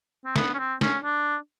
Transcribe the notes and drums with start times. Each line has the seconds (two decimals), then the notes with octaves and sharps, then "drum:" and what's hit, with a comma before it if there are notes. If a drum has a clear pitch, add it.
0.25 C4
0.36 B3, drum: snare
0.54 C#4
0.59 C4
0.81 C#4, drum: snare
1.04 D4